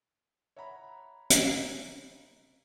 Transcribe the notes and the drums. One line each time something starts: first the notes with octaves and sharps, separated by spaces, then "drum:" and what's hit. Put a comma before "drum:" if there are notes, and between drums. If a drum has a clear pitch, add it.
C#5 E5 F#5 A#5 B5
drum: hi-hat